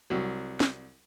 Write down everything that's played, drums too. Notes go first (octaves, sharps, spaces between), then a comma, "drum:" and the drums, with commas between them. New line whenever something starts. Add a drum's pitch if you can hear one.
C2 F#3
drum: snare